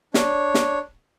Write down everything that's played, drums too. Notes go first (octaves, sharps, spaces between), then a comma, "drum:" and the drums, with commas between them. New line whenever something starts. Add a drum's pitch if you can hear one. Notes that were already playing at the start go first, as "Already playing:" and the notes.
D4 C#5, drum: snare
drum: snare